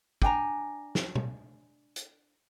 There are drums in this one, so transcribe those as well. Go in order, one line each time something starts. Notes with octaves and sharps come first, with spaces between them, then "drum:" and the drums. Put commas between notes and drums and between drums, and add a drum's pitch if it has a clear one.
D4 G5 G#5 A#5, drum: kick
drum: snare
drum: tom B2
drum: hi-hat